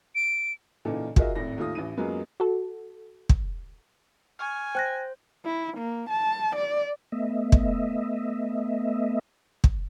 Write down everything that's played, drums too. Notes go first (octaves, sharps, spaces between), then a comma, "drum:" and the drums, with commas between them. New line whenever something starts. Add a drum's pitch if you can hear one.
D7
A#2 C#3 E3 D#4 A4
F4 F#4 G#4 A#4 D#5 E5, drum: kick
G#1 F2 A2 A#6
D#2 A3 F4 D#6
A1 E3 D#7
F#2 F#3 G#3 A#3 B3 F4
F#4 A4
drum: kick
G#5 C#6 F6
C5 G5 F#6 A#6
E4
A#3
A5
D5
A3 B3 D#5 E5
drum: kick
drum: kick